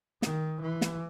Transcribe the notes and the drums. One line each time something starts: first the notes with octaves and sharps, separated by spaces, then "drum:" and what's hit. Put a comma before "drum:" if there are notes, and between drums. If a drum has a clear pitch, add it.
D#3, drum: snare
E3
drum: snare